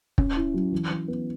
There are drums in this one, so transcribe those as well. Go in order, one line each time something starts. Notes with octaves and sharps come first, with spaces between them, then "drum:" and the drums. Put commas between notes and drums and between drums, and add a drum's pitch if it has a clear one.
C#4, drum: kick
E4
F#3
E3
E3
B3